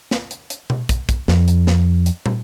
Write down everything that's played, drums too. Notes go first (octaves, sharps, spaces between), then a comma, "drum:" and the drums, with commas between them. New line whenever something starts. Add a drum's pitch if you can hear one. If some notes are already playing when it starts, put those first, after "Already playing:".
drum: snare
drum: hi-hat
drum: hi-hat
drum: tom B2
drum: kick, hi-hat
drum: kick, hi-hat
F2, drum: snare
drum: hi-hat
drum: snare
drum: hi-hat
drum: tom